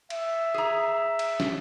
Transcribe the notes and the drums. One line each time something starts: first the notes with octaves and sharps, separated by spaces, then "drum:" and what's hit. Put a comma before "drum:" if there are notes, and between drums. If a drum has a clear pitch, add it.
E5, drum: cymbal
G#4 A#5
drum: cymbal
drum: snare